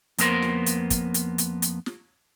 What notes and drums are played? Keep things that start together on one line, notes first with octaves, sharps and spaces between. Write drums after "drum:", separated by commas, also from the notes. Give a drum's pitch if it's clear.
F2 A#3 B3 C#4 A#4 C5, drum: hi-hat
drum: snare
drum: hi-hat
drum: kick, hi-hat
drum: hi-hat
drum: hi-hat
drum: hi-hat
drum: snare